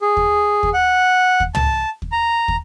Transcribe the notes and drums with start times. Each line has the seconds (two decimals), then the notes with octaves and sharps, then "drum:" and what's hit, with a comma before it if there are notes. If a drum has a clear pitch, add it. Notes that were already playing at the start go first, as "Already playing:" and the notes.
0.01 G#4
0.17 drum: kick
0.63 drum: kick
0.74 F#5
1.40 drum: kick
1.55 A5, drum: tom
2.02 drum: kick
2.12 A#5
2.48 drum: kick